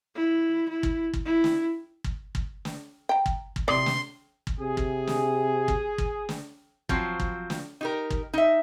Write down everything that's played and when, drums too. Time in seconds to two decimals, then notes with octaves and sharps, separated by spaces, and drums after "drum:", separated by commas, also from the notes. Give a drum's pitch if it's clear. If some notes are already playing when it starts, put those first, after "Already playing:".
0.15 E4
0.69 E4
0.83 drum: kick
1.13 drum: kick
1.25 E4
1.44 drum: snare
2.04 drum: kick
2.35 drum: kick
2.65 drum: snare
3.09 G5 A#5
3.26 drum: kick
3.56 drum: kick
3.68 C3 D5 C6 D#6 C7
3.86 drum: snare
4.47 drum: kick
4.60 C3 G#4
4.77 drum: kick
5.07 drum: snare
5.68 drum: kick
5.98 drum: kick
6.29 drum: snare
6.89 F3 F#3 C4, drum: kick
7.20 drum: kick
7.50 drum: snare
7.81 D#4 G4 A#4
8.10 drum: kick
8.34 D#4 E5